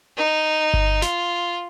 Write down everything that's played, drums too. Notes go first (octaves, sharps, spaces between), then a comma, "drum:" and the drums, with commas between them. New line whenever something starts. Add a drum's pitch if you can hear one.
D#4
drum: kick G1
F4, drum: snare